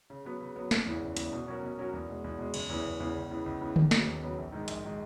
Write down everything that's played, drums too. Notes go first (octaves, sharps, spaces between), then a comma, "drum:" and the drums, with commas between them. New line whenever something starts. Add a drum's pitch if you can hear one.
C#3
F#3 B3
C#3
F#3 B3
F#1, drum: snare
E2 C#3 E3 B3
F#1
E2 C#3 E3 B3, drum: hi-hat
B2
F#3 C#4 F#4 A#4
B2
F#3 C#4 F#4 A#4
E2
B2 G#3
E2
B2 G#3
F#1, drum: cymbal
E2 C#3 E3 B3
F#1
E2 C#3 E3 B3
C#2
C#3 E3 B3
C#2
C#3 E3 B3
D#2, drum: tom D3
C#3 F#3 B3, drum: snare
D#2
C#3 F#3 B3
A#1
G#2 D#3 G#3
A#1, drum: hi-hat
D#3 G#3